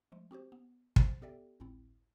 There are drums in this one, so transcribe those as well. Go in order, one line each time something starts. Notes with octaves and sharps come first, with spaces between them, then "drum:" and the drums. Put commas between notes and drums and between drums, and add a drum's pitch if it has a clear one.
F3 G#3 A3
C4 F#4 G4 C5
B3
G2 C5 B5 A6, drum: kick
B3 G4 A4 D5 E5 G5
G#1 C#2 A2 C4 E4